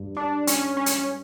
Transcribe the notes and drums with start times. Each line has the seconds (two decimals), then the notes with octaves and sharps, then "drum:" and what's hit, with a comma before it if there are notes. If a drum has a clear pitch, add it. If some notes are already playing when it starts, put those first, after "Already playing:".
Already playing: G2 G3
0.17 D4
0.47 C#4, drum: hi-hat
0.77 C#4
0.86 drum: hi-hat